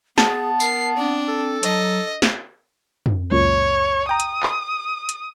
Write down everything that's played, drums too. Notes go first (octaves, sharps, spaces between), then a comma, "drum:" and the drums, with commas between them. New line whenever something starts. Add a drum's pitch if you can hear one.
B3 G#4 A5, drum: snare
A#4 C7, drum: tambourine
C4 D4
A4
F#3 D#5, drum: hi-hat
drum: snare
drum: tom
C#2 F#2 A#2 C#5
G5 A#5 D#6
drum: hi-hat
drum: clap
drum: hi-hat